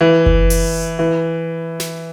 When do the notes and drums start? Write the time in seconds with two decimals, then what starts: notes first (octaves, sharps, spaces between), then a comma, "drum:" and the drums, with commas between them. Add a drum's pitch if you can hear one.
0.01 E3
0.26 drum: kick F#1
0.50 drum: open hi-hat
0.99 E3
1.80 drum: snare